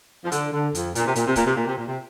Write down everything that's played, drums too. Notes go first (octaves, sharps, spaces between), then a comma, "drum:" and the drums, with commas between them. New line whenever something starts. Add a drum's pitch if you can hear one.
F3
D3, drum: hi-hat
D3
F2, drum: hi-hat
A#2, drum: hi-hat
C3
A#2, drum: hi-hat
C3
A#2, drum: kick, hi-hat
C3
A#2
C3
A#2
C3